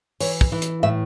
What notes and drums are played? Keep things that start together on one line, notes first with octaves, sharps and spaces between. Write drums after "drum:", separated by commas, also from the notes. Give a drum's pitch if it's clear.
E3 C#5, drum: open hi-hat
drum: kick
E3
drum: hi-hat
A2 E5